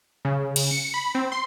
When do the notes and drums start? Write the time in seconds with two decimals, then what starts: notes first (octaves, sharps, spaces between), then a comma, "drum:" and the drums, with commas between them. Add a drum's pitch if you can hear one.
0.25 C#3
0.56 drum: cymbal
0.71 C#7
0.94 B5
1.15 C4
1.32 C6